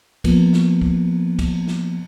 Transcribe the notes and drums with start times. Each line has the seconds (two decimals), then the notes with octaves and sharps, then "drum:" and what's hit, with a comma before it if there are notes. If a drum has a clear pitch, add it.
0.24 F3 A#3 B3, drum: kick, cymbal
0.53 drum: snare
0.82 drum: kick
1.39 drum: kick, cymbal
1.67 drum: snare